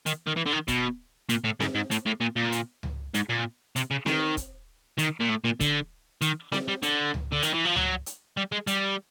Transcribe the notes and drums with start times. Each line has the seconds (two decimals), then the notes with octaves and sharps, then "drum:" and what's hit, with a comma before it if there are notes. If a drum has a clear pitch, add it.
0.06 D#3, drum: hi-hat
0.27 D#3
0.36 E3
0.46 D3
0.53 D#3
0.68 B2, drum: kick, hi-hat
1.29 A#2, drum: hi-hat
1.44 A2
1.60 G#2, drum: snare C4
1.75 G#2
1.91 A2, drum: hi-hat
2.06 A2
2.21 A#2
2.36 A#2
2.52 drum: hi-hat
2.83 drum: tom C#2
3.14 G#2, drum: hi-hat
3.29 A#2
3.76 C3, drum: hi-hat
3.91 C#3
4.06 D#3, drum: snare C4
4.37 drum: kick, hi-hat
4.98 D#3, drum: hi-hat
5.20 A#2
5.29 A2
5.44 A#2
5.60 D3, drum: kick, hi-hat
6.22 D#3, drum: hi-hat
6.52 G3, drum: snare C4
6.68 G3
6.83 D3, drum: hi-hat
7.14 drum: tom C#2
7.32 D3
7.42 D#3, drum: hi-hat
7.53 E3
7.65 F3
7.76 F#3, drum: tom C#2
8.06 drum: hi-hat
8.37 G3
8.52 G#3
8.67 G3, drum: hi-hat